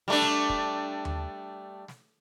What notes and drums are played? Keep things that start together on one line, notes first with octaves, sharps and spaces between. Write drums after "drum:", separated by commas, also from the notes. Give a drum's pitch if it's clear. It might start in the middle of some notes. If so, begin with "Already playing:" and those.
G3 A3 D4
drum: snare
drum: kick
drum: tom D#2
drum: snare